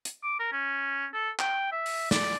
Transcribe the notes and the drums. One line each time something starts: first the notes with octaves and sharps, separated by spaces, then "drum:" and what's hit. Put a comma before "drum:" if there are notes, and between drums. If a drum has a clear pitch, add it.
drum: hi-hat
D6
A#4
C#4
A4
G5, drum: clap
E5
drum: open hi-hat
D5, drum: snare